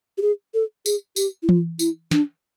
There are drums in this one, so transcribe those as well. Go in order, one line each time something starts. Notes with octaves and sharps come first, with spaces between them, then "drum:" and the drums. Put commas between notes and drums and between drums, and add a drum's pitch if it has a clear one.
G4
G#4
A4
G#4, drum: tambourine
G4, drum: tambourine
E4
F4, drum: tom E3
E4, drum: tambourine
D4, drum: snare